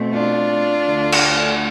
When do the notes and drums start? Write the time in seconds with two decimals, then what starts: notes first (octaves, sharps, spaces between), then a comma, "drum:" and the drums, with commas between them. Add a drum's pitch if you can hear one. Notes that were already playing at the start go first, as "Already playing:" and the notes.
Already playing: B2 A3 C4
0.13 D4 F4
0.86 D2 D3 A3
1.12 drum: cymbal